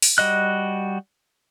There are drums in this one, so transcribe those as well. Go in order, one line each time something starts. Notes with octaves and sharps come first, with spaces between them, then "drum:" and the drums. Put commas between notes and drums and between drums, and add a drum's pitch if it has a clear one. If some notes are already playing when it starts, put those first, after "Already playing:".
drum: open hi-hat
G3 F#4 D#5 F#6